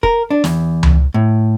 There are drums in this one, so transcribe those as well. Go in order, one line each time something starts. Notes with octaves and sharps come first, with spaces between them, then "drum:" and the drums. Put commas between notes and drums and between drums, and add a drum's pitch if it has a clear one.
A#4, drum: kick
D4
E2, drum: snare
drum: tom C#2
A2